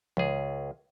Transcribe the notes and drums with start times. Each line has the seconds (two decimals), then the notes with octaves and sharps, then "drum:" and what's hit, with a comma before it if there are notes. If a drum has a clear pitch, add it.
0.17 C#2 G#4, drum: tom E3